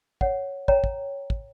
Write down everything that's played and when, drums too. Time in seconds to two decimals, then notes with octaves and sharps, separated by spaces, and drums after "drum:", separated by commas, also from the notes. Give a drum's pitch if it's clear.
0.21 C#5 F#5, drum: kick
0.68 C#5 G5 A#5, drum: kick
0.84 drum: kick
1.30 drum: kick